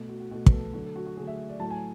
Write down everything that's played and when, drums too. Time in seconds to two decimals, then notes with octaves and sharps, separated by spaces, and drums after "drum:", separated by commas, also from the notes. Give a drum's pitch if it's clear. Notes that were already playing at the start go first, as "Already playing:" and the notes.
Already playing: B2 A3
0.09 F#4
0.20 F#4
0.31 B2 A3 F#4
0.46 B4, drum: kick
0.52 A4
0.73 D3 F#3 A3 F#4
0.85 A4
0.96 F#4
1.07 F#4
1.17 D3 F#3 A3 G#4
1.27 E5
1.49 D5
1.60 A2 F#3 A3 A5
1.71 G#5